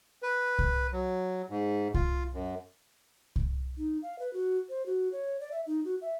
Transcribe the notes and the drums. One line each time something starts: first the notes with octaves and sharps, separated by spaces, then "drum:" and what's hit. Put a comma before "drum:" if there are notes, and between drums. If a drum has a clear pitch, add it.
B4
drum: kick C2
F#3
G#2
F4, drum: kick C2
F#2
drum: kick C2
D#4
F5
B4
F#4
C5
F#4
C#5
D5
E5
D#4
F#4
E5